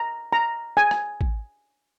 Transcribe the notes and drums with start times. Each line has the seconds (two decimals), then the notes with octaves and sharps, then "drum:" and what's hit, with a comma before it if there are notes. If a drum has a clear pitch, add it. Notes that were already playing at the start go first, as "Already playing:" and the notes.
Already playing: A#5
0.33 A#5
0.77 G#5
0.91 drum: rim click
1.21 drum: kick